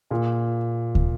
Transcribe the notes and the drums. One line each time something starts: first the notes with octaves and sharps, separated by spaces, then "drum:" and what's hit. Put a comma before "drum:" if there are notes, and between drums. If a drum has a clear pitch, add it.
A#2 G#4
drum: kick